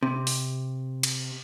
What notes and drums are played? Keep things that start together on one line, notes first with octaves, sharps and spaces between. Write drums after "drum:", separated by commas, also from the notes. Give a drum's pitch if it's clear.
C3
drum: open hi-hat
drum: cymbal